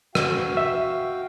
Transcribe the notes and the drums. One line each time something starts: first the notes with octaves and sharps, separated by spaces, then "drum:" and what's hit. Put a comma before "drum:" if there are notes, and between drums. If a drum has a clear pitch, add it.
F#4 F5 G5, drum: rim click
E5